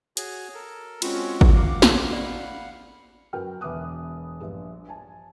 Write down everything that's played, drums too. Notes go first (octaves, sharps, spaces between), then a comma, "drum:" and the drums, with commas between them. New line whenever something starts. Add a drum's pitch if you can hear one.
F#4 G#4 C#5, drum: hi-hat
A4 A#4
G#3 C4 C#4 F4 F#4, drum: cymbal
drum: kick
F5 F#5 D6
drum: snare
D5 B5
F#2 F#4 A#4 B4 G5 F6
E1 B4 E5 D6 D#6 F#6
A#1 G2
G#5 A5